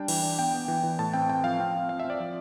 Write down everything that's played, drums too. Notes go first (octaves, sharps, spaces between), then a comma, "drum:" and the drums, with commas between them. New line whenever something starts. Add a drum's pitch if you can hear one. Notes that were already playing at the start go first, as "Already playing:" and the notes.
Already playing: G3 D4 G5
E3, drum: cymbal
D4
B3 G5
B3
E3
E3
A2 A5
C4 G5
C4 G5
F3 F5
C4
C4
C4 F5
E5
C4
D5
F3